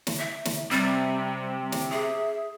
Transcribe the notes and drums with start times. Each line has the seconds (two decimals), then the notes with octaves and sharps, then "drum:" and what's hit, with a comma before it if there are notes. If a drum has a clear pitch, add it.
0.07 drum: snare
0.19 E5
0.45 drum: snare
0.71 C3 G3
1.72 drum: snare
1.92 G#4 E5